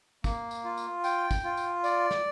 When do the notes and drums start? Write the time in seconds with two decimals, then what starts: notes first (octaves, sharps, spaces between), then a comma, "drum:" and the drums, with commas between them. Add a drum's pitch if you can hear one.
0.24 A#3, drum: kick, tambourine
0.51 drum: tambourine
0.64 F4
0.77 drum: tambourine
1.04 G5, drum: tambourine
1.31 drum: kick, tambourine
1.44 F4
1.57 drum: tambourine
1.84 D5, drum: tambourine
2.11 drum: snare